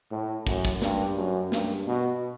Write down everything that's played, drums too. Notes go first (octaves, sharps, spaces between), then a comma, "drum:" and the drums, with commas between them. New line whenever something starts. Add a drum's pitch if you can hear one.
A2
F#2, drum: kick
drum: kick
G2, drum: snare
F#2
G2, drum: snare
B2